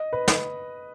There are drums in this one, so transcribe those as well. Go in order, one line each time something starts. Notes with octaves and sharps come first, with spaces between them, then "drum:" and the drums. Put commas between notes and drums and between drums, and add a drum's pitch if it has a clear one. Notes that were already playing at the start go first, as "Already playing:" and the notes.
Already playing: D#5
B4
drum: snare